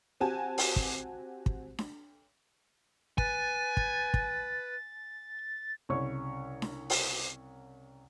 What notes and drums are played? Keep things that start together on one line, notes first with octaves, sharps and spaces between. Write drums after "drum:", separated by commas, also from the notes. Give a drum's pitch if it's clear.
C4 F#4 G4 G#5 A5
drum: open hi-hat
drum: kick
drum: kick
drum: snare D4
B4 G#5 A6, drum: kick
drum: kick
drum: kick
C2 C#3 C#5 C#6
drum: snare D4
drum: open hi-hat